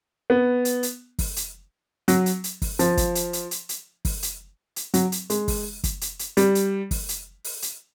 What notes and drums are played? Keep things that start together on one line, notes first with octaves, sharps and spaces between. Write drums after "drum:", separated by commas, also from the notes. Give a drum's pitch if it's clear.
B3
drum: hi-hat
drum: hi-hat
drum: kick, open hi-hat
drum: hi-hat
F#3, drum: hi-hat
drum: hi-hat
drum: hi-hat
drum: kick, open hi-hat
F3, drum: hi-hat
drum: kick, hi-hat
drum: hi-hat
drum: hi-hat
drum: hi-hat
drum: hi-hat
drum: kick, open hi-hat
drum: hi-hat
drum: hi-hat
F#3, drum: hi-hat
drum: hi-hat
G#3, drum: hi-hat
drum: kick, open hi-hat
drum: kick, hi-hat
drum: hi-hat
drum: hi-hat
G3, drum: hi-hat
drum: hi-hat
drum: kick, open hi-hat
drum: hi-hat
drum: open hi-hat
drum: hi-hat